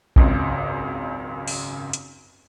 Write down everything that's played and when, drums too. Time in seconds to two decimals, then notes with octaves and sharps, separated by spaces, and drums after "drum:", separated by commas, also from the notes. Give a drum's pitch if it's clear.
0.16 G#1 C#2 F#2, drum: kick A#1
1.48 drum: open hi-hat
1.93 drum: hi-hat